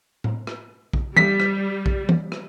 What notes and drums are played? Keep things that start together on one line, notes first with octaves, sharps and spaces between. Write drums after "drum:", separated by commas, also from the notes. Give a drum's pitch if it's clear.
drum: tom A2
drum: rim click
drum: kick A#1
G3 B6, drum: tom E3
drum: rim click
drum: kick A#1
drum: tom E3
drum: rim click